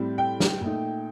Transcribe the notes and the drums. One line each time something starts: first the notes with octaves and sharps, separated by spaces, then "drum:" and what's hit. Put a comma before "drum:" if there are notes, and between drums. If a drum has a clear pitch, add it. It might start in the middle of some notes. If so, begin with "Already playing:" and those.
Already playing: A2 G3 C4
G5
drum: snare
A#2 A3 D#4